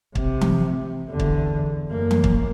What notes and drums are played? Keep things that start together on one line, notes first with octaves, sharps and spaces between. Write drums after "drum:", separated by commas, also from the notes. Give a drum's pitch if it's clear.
C3, drum: kick
drum: tom E3
E2 D3
drum: kick
F#2 A#3
drum: tom E3
drum: kick